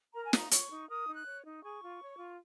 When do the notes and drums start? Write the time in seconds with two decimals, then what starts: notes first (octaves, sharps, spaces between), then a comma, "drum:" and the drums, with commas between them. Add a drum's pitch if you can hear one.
0.14 A#4 A#5
0.25 G#5
0.33 D#4 A#5, drum: snare
0.51 C#5 C#6, drum: hi-hat
0.71 D#4
0.89 A#4 D#6
1.07 D#4
1.13 F#6
1.26 C#5
1.44 D#4
1.63 G#4 C#6
1.82 F4
2.01 C#5
2.18 F4